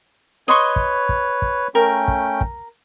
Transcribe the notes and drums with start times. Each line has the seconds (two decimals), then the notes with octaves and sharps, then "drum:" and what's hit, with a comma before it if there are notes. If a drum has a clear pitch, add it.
0.48 B4 C#5 D#5 C6 C#6
0.76 drum: kick
1.09 drum: kick
1.42 drum: kick
1.75 A3 C#4 A#4 G5
2.08 drum: kick
2.41 drum: kick